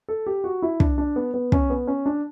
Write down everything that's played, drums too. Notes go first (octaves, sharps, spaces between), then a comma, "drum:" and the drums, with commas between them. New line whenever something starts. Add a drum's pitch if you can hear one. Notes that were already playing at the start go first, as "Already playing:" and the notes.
A4
G4
F#4
E4
D4, drum: kick
D4
B3
B3
C#4, drum: kick
B3
C#4
D4